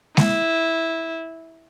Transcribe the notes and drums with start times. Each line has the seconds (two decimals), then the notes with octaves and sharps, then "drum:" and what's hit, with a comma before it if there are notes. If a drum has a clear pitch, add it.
0.17 E4, drum: snare G#3